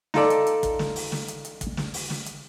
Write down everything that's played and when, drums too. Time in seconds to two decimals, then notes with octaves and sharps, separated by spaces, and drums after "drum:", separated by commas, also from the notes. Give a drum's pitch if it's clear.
0.14 D#4 F4 A4 D5, drum: snare
0.30 drum: hi-hat
0.47 drum: hi-hat
0.63 drum: kick, hi-hat
0.79 drum: snare
0.96 drum: open hi-hat
1.12 drum: snare
1.28 drum: hi-hat
1.45 drum: hi-hat
1.61 drum: kick, hi-hat
1.77 drum: snare
1.94 drum: open hi-hat
2.10 drum: snare
2.26 drum: hi-hat